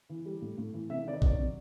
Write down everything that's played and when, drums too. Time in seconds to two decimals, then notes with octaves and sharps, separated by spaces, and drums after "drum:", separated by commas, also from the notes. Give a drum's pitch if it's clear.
0.09 E3
0.26 G3
0.42 A2
0.58 A2
0.74 E3
0.90 C3 E5
1.02 E5
1.05 D#3 D5
1.13 D#5
1.22 F#3 D5, drum: kick A1
1.38 C3